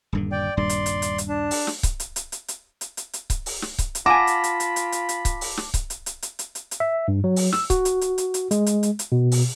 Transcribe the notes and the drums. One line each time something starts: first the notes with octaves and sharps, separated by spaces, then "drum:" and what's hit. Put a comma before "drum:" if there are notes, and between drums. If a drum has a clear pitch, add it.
D#1 G2 D3
D5 G5
D#1 G2 D5 C6
drum: hi-hat
drum: hi-hat
drum: hi-hat
drum: hi-hat
D4
drum: open hi-hat
drum: snare
drum: kick C#1, hi-hat
drum: hi-hat
drum: hi-hat
drum: hi-hat
drum: hi-hat
drum: hi-hat
drum: hi-hat
drum: hi-hat
drum: kick C#1, hi-hat
drum: open hi-hat
drum: snare
drum: kick C#1, hi-hat
drum: hi-hat
F4 F#5 G#5 A5 B5 D6 A#6
drum: hi-hat
drum: hi-hat
drum: hi-hat
drum: hi-hat
drum: hi-hat
drum: hi-hat
drum: kick C#1, hi-hat
drum: open hi-hat
drum: snare
drum: kick C#1, hi-hat
drum: hi-hat
drum: hi-hat
drum: hi-hat
drum: hi-hat
drum: hi-hat
drum: hi-hat
E5
G2
F#3
drum: open hi-hat
E6, drum: snare
F#4, drum: kick C#1, hi-hat
drum: hi-hat
drum: hi-hat
drum: hi-hat
drum: hi-hat
G#3, drum: hi-hat
drum: hi-hat
drum: hi-hat
drum: hi-hat
B2
drum: open hi-hat